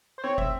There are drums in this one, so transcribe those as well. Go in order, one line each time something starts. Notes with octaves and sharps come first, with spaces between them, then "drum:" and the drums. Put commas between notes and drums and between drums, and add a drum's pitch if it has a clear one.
C5
C4 C#5
E5, drum: kick